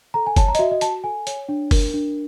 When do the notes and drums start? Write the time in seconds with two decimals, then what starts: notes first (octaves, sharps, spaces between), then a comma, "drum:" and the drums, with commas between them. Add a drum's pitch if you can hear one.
0.14 A4 A#5
0.27 G#5
0.36 C#5 A5, drum: kick F#1, hi-hat
0.48 A#5
0.55 D#5, drum: hi-hat
0.59 F#4 E5
0.71 D#5
0.81 F#4 A5, drum: hi-hat
1.04 A4 G#5
1.27 C#5, drum: hi-hat
1.49 D4
1.71 A#4, drum: kick F#1, open hi-hat
1.94 D4